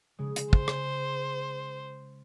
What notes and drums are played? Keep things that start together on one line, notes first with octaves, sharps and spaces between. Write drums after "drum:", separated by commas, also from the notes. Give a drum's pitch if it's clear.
C#3 G#3
drum: hi-hat
C5, drum: kick
drum: rim click